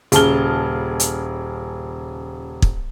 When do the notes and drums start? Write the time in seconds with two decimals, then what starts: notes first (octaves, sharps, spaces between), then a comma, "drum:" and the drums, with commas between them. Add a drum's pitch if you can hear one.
0.12 D#1 C#3 G#4 A5 F6 G7, drum: hi-hat
1.00 drum: hi-hat
2.62 drum: kick